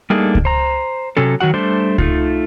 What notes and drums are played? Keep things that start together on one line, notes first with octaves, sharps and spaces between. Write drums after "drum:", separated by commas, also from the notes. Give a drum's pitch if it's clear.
G3 A3 A#3 D4 D#4 G#4
drum: kick C#2
C5 A#5
C3 F#3 C#4 A4
D#3 F#3 F#4 F#5
G3 A3 D4 C5
A3 D#4 F4, drum: kick C#2